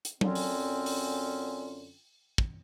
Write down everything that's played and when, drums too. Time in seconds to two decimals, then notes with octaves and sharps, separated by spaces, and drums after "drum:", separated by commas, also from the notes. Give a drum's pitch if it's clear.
0.05 drum: hi-hat
0.21 F#2 D3 C4 C#4 F4, drum: tom F#3
0.35 drum: open hi-hat
0.86 drum: open hi-hat
2.38 drum: kick